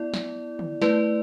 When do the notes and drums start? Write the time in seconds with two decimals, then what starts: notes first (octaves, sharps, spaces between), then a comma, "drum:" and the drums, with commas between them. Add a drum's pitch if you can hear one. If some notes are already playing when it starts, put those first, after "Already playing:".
Already playing: B3 E4 D5
0.14 drum: snare
0.59 drum: tom D3
0.82 A3 E4 B4 D5, drum: snare